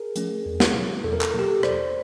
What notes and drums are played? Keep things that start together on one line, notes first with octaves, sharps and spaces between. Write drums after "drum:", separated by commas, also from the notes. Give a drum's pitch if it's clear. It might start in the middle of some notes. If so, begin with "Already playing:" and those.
Already playing: G#4 A#4
F3 A3 C#4, drum: hi-hat
E2
drum: snare
B2 F#3 A#3
E2 A4
A#4
A4, drum: clap
B2 F#3 A#3 A#4
G4 A4
E2 C5 D5, drum: rim click